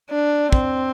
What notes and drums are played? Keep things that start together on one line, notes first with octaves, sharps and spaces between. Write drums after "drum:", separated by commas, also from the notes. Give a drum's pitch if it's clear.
D4
C4, drum: kick